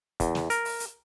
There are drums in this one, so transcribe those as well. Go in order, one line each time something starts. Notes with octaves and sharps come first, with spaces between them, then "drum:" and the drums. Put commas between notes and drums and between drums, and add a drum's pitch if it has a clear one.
E2, drum: kick, hi-hat
drum: snare
A#4, drum: hi-hat
drum: open hi-hat
drum: hi-hat